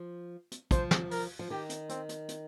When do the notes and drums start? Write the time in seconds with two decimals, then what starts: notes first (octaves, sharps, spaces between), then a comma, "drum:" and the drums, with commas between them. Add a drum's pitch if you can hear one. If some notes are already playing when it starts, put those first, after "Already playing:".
Already playing: F3
0.52 drum: hi-hat
0.71 F3 C5, drum: kick, hi-hat
0.91 drum: snare
1.11 A#4, drum: open hi-hat
1.39 F3
1.50 D#3 G4
1.70 drum: hi-hat
1.89 C4, drum: hi-hat
2.09 drum: hi-hat
2.29 drum: hi-hat